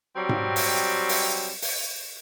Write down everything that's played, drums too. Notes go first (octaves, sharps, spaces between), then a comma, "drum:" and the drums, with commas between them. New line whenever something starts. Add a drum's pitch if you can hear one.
F#3 G3 C4
drum: tom G#2
drum: open hi-hat
drum: open hi-hat
drum: open hi-hat